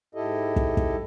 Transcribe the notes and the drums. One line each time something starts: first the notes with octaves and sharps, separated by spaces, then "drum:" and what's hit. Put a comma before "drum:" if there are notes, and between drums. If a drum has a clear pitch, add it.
G#2 E4 G4 A4 D#5
drum: kick
drum: kick